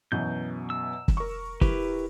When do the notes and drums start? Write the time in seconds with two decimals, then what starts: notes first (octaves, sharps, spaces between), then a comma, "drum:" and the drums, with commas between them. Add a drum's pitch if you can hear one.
0.12 F#2 B2 E3 G6
0.70 E6
1.08 drum: kick
1.17 A#4 C#6
1.61 E4 G4 B4, drum: kick